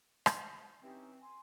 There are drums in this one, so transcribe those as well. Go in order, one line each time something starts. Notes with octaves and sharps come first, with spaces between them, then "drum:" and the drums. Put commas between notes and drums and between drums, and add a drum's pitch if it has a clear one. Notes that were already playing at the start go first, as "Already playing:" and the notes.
drum: rim click
E3 C4 C#4 D#4 G4
G#5 C6